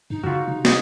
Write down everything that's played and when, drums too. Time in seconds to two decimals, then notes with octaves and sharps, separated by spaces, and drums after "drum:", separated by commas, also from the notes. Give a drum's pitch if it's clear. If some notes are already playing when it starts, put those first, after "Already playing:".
0.10 G2 D#4
0.23 C#3 F4 F#4
0.48 C3
0.65 D#5, drum: snare